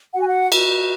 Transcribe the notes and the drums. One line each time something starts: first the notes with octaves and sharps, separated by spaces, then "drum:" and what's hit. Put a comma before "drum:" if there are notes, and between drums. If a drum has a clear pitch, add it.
F#4 F#5
G#5
F#5
F#4, drum: cymbal